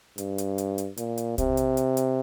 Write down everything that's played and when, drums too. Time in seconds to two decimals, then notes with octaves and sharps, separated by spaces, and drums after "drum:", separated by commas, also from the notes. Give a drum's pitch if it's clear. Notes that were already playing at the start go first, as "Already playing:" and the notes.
0.18 G2, drum: hi-hat
0.38 drum: hi-hat
0.58 drum: hi-hat
0.78 drum: hi-hat
0.97 A#2, drum: hi-hat
1.18 drum: hi-hat
1.38 C3, drum: kick, hi-hat
1.57 drum: hi-hat
1.77 drum: hi-hat
1.97 drum: hi-hat